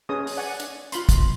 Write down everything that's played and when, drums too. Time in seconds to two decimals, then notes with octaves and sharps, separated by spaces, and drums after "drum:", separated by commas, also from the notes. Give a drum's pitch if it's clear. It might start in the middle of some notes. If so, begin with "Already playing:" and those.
0.09 C#4 G#4 B4 D#6
0.27 drum: open hi-hat
0.37 D5 F#5 G#5
0.60 drum: hi-hat
0.92 F4 B5 C6, drum: hi-hat
1.09 drum: kick, hi-hat